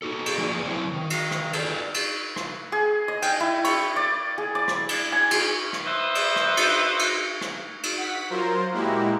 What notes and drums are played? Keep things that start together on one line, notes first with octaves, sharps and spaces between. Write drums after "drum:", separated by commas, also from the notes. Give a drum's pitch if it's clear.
D#4 F#4 A4
drum: cymbal
F3 A#3 G#4 B4 D5
C#3 F#3 C4 E4 C5
D#3
drum: cymbal
drum: rim click
A4 B4 D5, drum: cymbal
drum: cymbal
drum: rim click
G#4
D#5
G5, drum: cymbal
E4
C#6, drum: cymbal
D5
G#4
D5
drum: rim click
drum: cymbal
G#5
G#4, drum: cymbal
drum: rim click
B4 C5 D#5 E5
drum: cymbal
drum: rim click
drum: cymbal
drum: cymbal
drum: rim click
drum: cymbal
F#5 B6
F#3 F4 A#4 C5
A#2 G#3 A#3 E4 F#4 G4